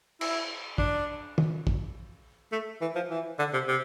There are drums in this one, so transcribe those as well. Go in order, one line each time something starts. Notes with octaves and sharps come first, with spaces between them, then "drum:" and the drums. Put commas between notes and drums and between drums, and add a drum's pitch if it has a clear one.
E4, drum: cymbal
D4, drum: kick
drum: tom
drum: kick
A3
E3
F3
E3
D3
C3
C3